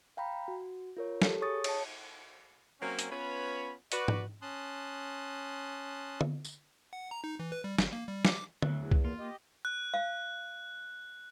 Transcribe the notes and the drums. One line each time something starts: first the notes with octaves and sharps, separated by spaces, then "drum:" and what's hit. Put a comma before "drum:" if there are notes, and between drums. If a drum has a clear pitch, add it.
F5 G5 A#5 B5
F#4
F4 A#4 C#5
G4 A4, drum: snare
G#4 C#5 C#6 D#6 A6
C#5 A5, drum: cymbal
F#3 A#3 C4 C#4
drum: hi-hat
B3 C#4 F4 B4 C#5 B5
F#4 B4 D5, drum: hi-hat
drum: tom G#2
C#4 A5 C6 D#6 F#6
drum: tom D3
drum: tambourine
F#5
A#5
D#4
E3
B4
G3
G1, drum: snare
A#3
G3
D6, drum: snare
D2 F#3 F#6, drum: tom D3
E2
drum: kick C2
A#3 F4
G4 D#5
F#6
F5